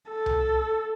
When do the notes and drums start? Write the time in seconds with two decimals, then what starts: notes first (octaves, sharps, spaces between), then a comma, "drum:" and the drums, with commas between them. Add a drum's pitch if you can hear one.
0.11 A4
0.26 drum: tom C2